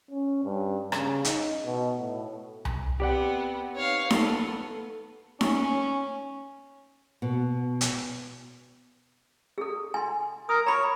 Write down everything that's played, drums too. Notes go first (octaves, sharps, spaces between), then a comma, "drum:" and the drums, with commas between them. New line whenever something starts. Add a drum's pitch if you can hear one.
C#4
G2
C#3, drum: rim click
D#4, drum: hi-hat
B2
A2
drum: tom C2
B3 C4 G4 D5 F#5
D#4 B4 C#5 F5
B3 A4, drum: snare D#4
C#4, drum: snare D#4
B2
drum: hi-hat
G#4 A4
G#5 C6
A#4 D#6
C#5 A#5 B5